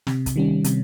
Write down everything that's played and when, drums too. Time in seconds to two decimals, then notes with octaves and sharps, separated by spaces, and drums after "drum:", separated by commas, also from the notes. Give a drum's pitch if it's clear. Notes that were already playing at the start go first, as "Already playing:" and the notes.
0.07 C3, drum: snare
0.26 drum: kick, hi-hat
0.36 D#3 G3 C#4
0.64 C3, drum: hi-hat